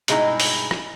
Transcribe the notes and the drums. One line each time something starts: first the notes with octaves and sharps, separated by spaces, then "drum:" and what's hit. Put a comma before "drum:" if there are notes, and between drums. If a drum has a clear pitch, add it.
G2 B2 G#3 A3 D#4 E4, drum: hi-hat
drum: open hi-hat
drum: rim click